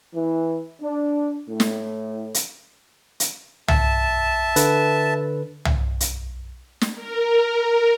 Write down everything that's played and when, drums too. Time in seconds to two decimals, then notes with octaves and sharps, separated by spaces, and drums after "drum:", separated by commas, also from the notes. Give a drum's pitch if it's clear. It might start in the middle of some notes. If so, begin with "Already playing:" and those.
0.14 E3
0.80 D4
1.49 A2
1.60 drum: snare
2.34 drum: hi-hat
3.20 drum: hi-hat
3.68 E5 A5, drum: tom C2
4.56 D3 B4, drum: hi-hat
5.65 drum: tom C2
6.00 drum: hi-hat
6.81 drum: snare
6.95 A#4